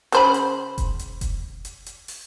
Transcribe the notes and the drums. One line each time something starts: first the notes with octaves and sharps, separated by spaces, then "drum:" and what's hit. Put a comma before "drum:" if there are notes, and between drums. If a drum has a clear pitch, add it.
C#3 C5 B5, drum: hi-hat
drum: hi-hat
drum: kick F1, hi-hat
drum: hi-hat
drum: kick F1, hi-hat
drum: hi-hat
drum: hi-hat
drum: open hi-hat